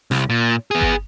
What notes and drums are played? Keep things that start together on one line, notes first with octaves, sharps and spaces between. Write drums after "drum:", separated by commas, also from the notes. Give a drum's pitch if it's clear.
C2, drum: snare
A#2
B3 G#4
drum: kick G1